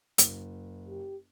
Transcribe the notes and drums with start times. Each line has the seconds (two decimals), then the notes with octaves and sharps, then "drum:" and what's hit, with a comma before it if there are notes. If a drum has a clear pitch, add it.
0.18 F#1, drum: hi-hat
0.88 G4